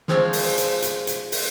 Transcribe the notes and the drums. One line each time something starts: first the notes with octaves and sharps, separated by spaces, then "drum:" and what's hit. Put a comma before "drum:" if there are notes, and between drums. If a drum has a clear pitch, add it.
F3 G#3 C4 C#5 D5, drum: snare
drum: open hi-hat
drum: hi-hat
drum: hi-hat
drum: hi-hat
drum: open hi-hat